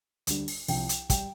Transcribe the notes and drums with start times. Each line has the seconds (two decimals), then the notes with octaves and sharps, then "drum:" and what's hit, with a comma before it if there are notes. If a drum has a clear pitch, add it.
0.27 D2 D3 G3, drum: hi-hat
0.48 drum: open hi-hat
0.68 C2 C3 F3 G5, drum: open hi-hat
0.89 drum: hi-hat
1.10 G3 G5, drum: kick, hi-hat